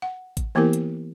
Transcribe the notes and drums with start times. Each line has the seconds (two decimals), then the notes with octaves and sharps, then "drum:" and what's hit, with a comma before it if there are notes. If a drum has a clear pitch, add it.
0.02 F#5
0.37 drum: kick A1, hi-hat
0.55 E3 A#3 B3 E4 G4 A#4
0.73 drum: hi-hat